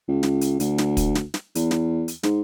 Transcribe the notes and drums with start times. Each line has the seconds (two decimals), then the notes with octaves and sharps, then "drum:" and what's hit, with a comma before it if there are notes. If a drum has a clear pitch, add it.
0.08 C#2
0.23 drum: snare
0.41 drum: hi-hat
0.60 D2, drum: hi-hat
0.78 drum: snare
0.97 drum: kick, hi-hat
1.15 drum: snare
1.34 drum: snare
1.55 E2, drum: hi-hat
1.71 drum: snare
2.08 drum: hi-hat
2.23 G#2, drum: snare